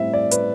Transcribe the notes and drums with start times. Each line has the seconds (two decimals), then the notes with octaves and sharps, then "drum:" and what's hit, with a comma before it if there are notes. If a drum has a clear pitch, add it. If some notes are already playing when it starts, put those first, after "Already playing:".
Already playing: A2 G3 C4 E4 E5
0.13 D5
0.31 B4, drum: hi-hat